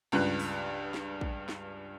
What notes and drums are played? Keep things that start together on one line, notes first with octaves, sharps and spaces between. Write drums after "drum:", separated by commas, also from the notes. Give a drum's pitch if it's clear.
C#2 G2 B4 F#6
drum: open hi-hat
drum: snare
drum: kick
drum: snare